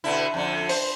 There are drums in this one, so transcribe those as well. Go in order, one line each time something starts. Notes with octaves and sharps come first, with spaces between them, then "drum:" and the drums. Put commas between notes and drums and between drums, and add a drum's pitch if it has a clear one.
B2 D3 E4
F2 D3
C5, drum: open hi-hat